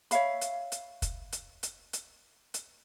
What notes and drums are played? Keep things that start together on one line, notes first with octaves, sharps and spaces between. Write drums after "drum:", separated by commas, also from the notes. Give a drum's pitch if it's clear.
C#5 E5 F5 B5, drum: hi-hat
drum: hi-hat
drum: hi-hat
drum: kick, hi-hat
drum: hi-hat
drum: hi-hat
drum: hi-hat
drum: hi-hat